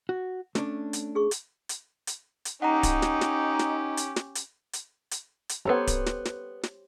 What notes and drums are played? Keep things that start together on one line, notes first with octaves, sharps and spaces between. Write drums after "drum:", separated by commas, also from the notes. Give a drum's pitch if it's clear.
F#4
A3 C#4 D4, drum: snare
drum: hi-hat
G#4 C#6
drum: hi-hat
drum: hi-hat
drum: hi-hat
drum: hi-hat
C#4 D#4 G4 F#5 A#5
drum: kick D1, hi-hat
drum: snare
drum: snare
drum: snare
drum: hi-hat
drum: snare
drum: hi-hat
drum: hi-hat
drum: hi-hat
drum: hi-hat
B3 G4 A4 C5 C#5 A#5
drum: kick D1, hi-hat
drum: snare
drum: snare
drum: snare